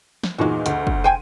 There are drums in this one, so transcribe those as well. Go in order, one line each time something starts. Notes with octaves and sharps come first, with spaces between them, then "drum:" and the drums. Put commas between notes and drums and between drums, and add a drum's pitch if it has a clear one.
drum: snare
E2 A#2 G#3 D#4 F#4
D2, drum: hi-hat
drum: kick
C5 G5 G#5 D#7